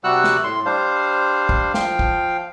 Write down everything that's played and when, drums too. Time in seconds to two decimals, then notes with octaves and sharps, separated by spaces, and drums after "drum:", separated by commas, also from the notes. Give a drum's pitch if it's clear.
0.04 C3 G3 F#4 F#5 E6 F#6
0.24 drum: snare
0.44 A2 C6
0.65 G3 D4 C5 F5
1.49 drum: kick
1.74 F3 F5 G5, drum: snare
1.99 drum: kick